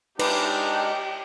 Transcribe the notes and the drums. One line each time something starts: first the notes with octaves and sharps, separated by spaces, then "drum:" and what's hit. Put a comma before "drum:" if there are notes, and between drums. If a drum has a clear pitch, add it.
G#3 D4 D#4 G4 B4 F6, drum: cymbal